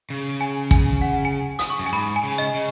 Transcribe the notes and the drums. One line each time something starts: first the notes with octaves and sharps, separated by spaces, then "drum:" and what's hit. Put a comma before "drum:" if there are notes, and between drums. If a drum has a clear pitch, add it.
C#3
G#5
G#5, drum: kick
F#5
G#5
D#6, drum: hi-hat
C#6
F#2
G#5
G#2 B5
G#5
C#3
D#5
C#3